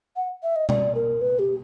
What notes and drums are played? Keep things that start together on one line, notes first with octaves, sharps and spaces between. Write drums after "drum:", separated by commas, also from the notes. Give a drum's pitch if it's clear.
F#5
E5
D#5
D5, drum: tom
A#4
B4
G4